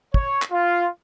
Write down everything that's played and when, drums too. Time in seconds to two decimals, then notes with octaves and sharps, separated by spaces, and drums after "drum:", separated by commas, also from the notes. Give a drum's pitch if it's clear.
0.14 C#5, drum: kick
0.42 drum: clap
0.52 F4